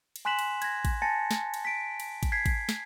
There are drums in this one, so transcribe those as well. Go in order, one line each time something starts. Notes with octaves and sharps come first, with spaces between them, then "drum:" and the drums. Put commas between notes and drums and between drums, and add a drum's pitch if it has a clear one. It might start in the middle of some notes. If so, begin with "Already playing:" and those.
drum: cymbal
G#5 C6 F#6 B6 E7 F#7
drum: cymbal
G#6 A#6, drum: cymbal
drum: kick A1, cymbal
G#5 A5 A6 A#6 C#7
drum: snare
drum: cymbal
B6 D7
drum: cymbal
drum: kick A1, cymbal
G#6 B6 C7
drum: kick A1, cymbal
drum: snare